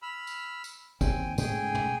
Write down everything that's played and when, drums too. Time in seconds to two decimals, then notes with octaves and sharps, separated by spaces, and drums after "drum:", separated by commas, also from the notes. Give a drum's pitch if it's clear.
0.02 B5 E6 F6
0.27 drum: tambourine
0.64 drum: tambourine
1.01 D#2 C4 G5 G#5, drum: kick, tambourine
1.38 G#2 C#3 A3 G#4 G5 G#5, drum: tambourine
1.75 drum: tom